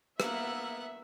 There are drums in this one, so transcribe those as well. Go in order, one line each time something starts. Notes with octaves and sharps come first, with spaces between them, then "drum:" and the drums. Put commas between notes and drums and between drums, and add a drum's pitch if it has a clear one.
A#3 B3 E5 F#5, drum: rim click